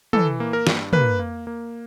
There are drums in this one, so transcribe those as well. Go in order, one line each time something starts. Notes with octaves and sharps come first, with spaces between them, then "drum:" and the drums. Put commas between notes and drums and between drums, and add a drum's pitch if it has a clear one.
E3 A4, drum: tom
A#3
A#4
G2, drum: snare
A#3 B4, drum: tom
A#3
A#3